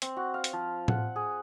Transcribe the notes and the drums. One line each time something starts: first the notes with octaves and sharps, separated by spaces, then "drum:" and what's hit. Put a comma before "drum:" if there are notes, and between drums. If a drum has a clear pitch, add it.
C4, drum: hi-hat
F#4
F5
drum: hi-hat
F3
F#5, drum: tom A2
G#4